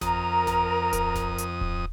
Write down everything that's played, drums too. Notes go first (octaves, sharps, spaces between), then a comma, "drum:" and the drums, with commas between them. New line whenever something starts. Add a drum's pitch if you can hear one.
F2 A#4 A#5 D#6, drum: snare G1
drum: snare G1
drum: kick D1, hi-hat
drum: snare G1
drum: hi-hat
drum: kick D1